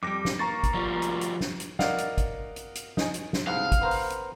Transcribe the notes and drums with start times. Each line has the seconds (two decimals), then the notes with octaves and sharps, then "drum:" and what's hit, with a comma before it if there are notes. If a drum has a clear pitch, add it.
0.03 F2 G3 D6 A#6
0.25 drum: snare
0.39 A#3 A#5 C#6 A6
0.63 drum: kick, hi-hat
0.75 F3 G3
1.02 drum: hi-hat
1.21 drum: hi-hat
1.41 drum: snare
1.60 drum: hi-hat
1.79 A#4 D5 D#5 F5 F#5, drum: snare
1.98 drum: hi-hat
2.18 drum: kick, hi-hat
2.56 drum: hi-hat
2.75 drum: hi-hat
2.97 D#4 G#5, drum: snare
3.14 drum: hi-hat
3.33 drum: snare
3.47 C2 G#2 F5 F#5
3.72 drum: kick, hi-hat
3.81 B3 A#4 C5
3.91 drum: open hi-hat
4.10 drum: hi-hat